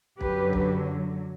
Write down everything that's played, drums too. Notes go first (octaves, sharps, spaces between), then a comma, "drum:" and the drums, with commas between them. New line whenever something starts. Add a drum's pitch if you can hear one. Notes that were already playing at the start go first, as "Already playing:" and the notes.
F#2 D3 F#3 G4 B4, drum: kick
drum: kick